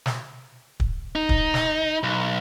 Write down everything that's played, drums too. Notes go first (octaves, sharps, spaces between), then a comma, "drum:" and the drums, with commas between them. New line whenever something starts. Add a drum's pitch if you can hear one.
drum: snare
drum: kick
D#4
drum: kick
drum: snare
B1